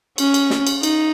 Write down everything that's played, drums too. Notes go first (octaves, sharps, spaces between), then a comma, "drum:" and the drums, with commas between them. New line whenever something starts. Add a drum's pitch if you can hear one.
C#4, drum: cymbal
drum: cymbal
drum: snare
drum: cymbal
D#4, drum: cymbal